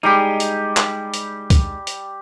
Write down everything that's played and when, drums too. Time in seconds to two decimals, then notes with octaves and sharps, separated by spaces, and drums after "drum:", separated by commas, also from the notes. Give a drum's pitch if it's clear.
0.03 G3 G#3 D#4 G4
0.40 drum: hi-hat
0.77 drum: clap
1.14 drum: hi-hat
1.50 drum: kick, hi-hat
1.87 drum: hi-hat